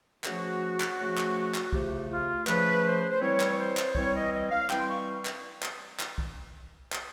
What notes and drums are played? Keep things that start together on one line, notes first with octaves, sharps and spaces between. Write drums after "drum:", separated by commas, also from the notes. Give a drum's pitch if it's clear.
C#3 F3 A3 F#4, drum: clap
drum: clap
C#3 F3 A3
drum: clap
drum: clap
C#3 F3 A3 G4, drum: kick
F4
C#3 F3 A3 B4, drum: clap
C5
C5
E3 G3 C4 C#5
drum: clap
C5
drum: clap
E3 G3 C4 C#5, drum: kick
D#5
D#5
F5
E3 G3 C4 G5, drum: clap
C6
C#6
drum: clap
drum: clap
drum: clap
drum: kick
drum: clap